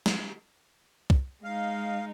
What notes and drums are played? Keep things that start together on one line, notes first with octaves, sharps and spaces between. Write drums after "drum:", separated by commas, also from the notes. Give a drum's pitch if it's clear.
drum: snare
drum: kick C2
G#3 D#4 F5